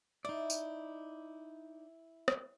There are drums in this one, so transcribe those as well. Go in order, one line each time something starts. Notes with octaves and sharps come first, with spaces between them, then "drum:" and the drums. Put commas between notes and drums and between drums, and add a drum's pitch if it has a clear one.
D#4 E4 D5
drum: tambourine
drum: rim click